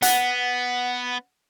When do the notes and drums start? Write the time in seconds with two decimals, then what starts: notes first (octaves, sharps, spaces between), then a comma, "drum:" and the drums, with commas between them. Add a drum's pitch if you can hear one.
0.02 B3 F#5, drum: hi-hat